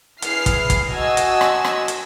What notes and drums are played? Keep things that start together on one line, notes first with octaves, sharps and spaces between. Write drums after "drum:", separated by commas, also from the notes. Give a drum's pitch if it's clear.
E4 G#4 B4 F6 C7, drum: hi-hat
drum: kick, hi-hat
drum: kick, hi-hat
F#4 D#5 G#5 A5 E6
drum: hi-hat
drum: rim click
drum: rim click
drum: hi-hat